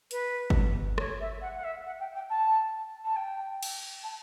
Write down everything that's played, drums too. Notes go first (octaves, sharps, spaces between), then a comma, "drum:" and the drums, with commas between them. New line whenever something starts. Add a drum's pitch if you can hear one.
B4, drum: hi-hat
drum: kick G1
C#5, drum: rim click
E5
F#5
F#5
E5
F#5
G5
G5
A5
A5
G5
drum: cymbal
A5